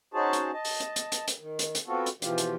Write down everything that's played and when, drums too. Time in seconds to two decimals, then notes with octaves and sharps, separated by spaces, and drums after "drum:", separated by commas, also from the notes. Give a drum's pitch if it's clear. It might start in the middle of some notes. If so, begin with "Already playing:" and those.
0.14 C#4 D#4 F#4 G#4 C5 A5
0.33 drum: hi-hat
0.53 D#5 A5
0.65 drum: open hi-hat
0.80 drum: hi-hat
0.96 drum: hi-hat
1.12 drum: hi-hat
1.28 drum: hi-hat
1.39 D#3
1.59 drum: hi-hat
1.75 drum: hi-hat
1.87 B3 C4 F4 F#4 A4
2.06 drum: hi-hat
2.22 B2 E3 F3 F4 G4, drum: hi-hat
2.38 drum: hi-hat